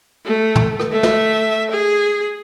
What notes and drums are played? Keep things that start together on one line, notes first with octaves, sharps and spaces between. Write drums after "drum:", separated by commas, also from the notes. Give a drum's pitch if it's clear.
A3
drum: tom
drum: rim click
A3 E5
drum: snare
G#4